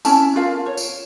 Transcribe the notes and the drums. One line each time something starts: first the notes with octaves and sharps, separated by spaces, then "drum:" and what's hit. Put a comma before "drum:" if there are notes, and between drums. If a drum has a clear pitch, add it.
C#4 E4 A5, drum: tambourine
F4 A#4 F5
C#5
drum: tambourine